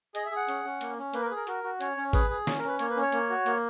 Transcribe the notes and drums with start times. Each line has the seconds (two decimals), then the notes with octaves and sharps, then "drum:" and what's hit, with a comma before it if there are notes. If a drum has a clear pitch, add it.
0.15 G#4 D#5, drum: hi-hat
0.26 E5
0.31 G#4
0.36 F#5
0.48 C#4, drum: hi-hat
0.65 C#4
0.81 A#3, drum: hi-hat
0.98 C#4
1.14 A#3 B4, drum: hi-hat
1.22 A#4
1.25 B4
1.31 G#4
1.36 A#4
1.47 F#4 A#4, drum: hi-hat
1.64 F#4
1.81 C#4 C#5, drum: hi-hat
1.97 C#4
2.13 G#4 B4, drum: kick, hi-hat
2.30 G#4
2.47 C#4, drum: snare
2.58 A#4
2.63 C#4 B4
2.79 A#3 C#5, drum: hi-hat
2.90 B4
2.96 C#4
3.02 C#5
3.12 A#3, drum: hi-hat
3.30 F#4
3.46 A#3, drum: hi-hat